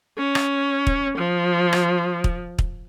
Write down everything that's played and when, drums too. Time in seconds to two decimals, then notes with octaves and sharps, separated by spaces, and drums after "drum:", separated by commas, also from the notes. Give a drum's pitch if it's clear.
0.18 C#4
0.35 drum: rim click
0.87 drum: kick
1.18 F3
1.73 drum: rim click
2.24 drum: kick
2.59 drum: kick